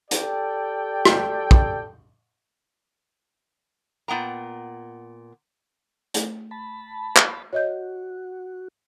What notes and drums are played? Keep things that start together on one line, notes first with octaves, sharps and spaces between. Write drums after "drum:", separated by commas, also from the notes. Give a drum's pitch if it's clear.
G4 A4 D5 G5, drum: hi-hat
drum: rim click
drum: kick
A#2 B3 G5 A#5
A3, drum: hi-hat
A5 B5
drum: clap
F#4 C#5 D#5 G6